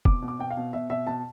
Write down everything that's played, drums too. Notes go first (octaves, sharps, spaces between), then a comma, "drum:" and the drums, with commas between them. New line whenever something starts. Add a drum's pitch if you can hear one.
B2 D6, drum: kick F1
B2
D6
B2 G5
F5
B2
B2 E5
B2 E5
B2 A5